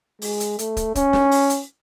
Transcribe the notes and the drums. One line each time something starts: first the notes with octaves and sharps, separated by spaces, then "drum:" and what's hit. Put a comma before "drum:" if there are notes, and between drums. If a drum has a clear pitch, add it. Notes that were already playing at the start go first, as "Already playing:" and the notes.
G#3, drum: open hi-hat
drum: hi-hat
A3, drum: hi-hat
drum: kick, hi-hat
C#4, drum: kick, hi-hat
drum: snare
drum: open hi-hat
drum: hi-hat